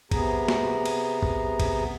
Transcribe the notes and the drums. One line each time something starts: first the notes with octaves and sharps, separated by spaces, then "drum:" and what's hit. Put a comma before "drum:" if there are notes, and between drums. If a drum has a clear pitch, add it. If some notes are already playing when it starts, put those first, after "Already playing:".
C3 B3 G#4 A#5, drum: kick, cymbal
drum: snare
drum: cymbal
drum: kick
drum: kick, cymbal